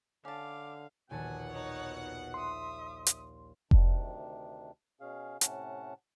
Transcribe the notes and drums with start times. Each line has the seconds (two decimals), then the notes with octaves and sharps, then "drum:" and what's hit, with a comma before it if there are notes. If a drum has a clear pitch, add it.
0.25 D3 C#4 F5 A5 D6
1.11 A#1 D#2 B2 F#5 G#5 A5
1.51 D#4 C#5
2.34 E5 C6 D#6
3.07 drum: hi-hat
3.71 D2 C3 D#3 D4, drum: kick F1
5.01 B2 C#4 G#4 F5
5.41 A2 C3 C#4 F#5 A5, drum: hi-hat